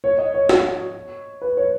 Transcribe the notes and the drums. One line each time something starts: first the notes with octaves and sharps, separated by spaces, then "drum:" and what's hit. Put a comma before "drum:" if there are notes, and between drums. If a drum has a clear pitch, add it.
C#5
D#5
C#5
C#5, drum: snare
B4
C#5